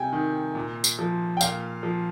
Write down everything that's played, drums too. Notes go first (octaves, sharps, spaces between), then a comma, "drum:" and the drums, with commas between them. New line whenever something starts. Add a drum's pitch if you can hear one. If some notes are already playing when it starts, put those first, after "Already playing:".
Already playing: C3 G5 G#5
D#3
A#2
drum: tambourine
F3
G5
A#2 F5, drum: tambourine
F3